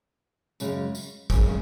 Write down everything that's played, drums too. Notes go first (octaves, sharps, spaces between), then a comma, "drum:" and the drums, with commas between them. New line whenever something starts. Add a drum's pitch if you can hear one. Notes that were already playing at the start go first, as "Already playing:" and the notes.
F#2 C#3 G#3, drum: tambourine
drum: tambourine
F#2 C#3 G#3, drum: kick, tambourine